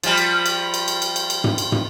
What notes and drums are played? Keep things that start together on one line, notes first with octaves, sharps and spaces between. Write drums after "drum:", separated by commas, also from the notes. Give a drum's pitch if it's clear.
F3 G3, drum: cymbal
drum: cymbal
drum: cymbal
drum: cymbal
drum: cymbal
drum: cymbal
drum: cymbal
drum: cymbal
drum: tom
drum: cymbal
drum: tom